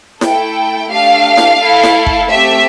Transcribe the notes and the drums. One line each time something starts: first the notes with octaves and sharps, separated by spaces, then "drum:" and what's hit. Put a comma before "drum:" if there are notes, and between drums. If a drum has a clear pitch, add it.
A3 E4 A4 G5, drum: snare E4
A3 D4 G4 F5
drum: snare E4
A3 E4 A4
drum: snare E4
drum: kick
A3 C4 G4 E5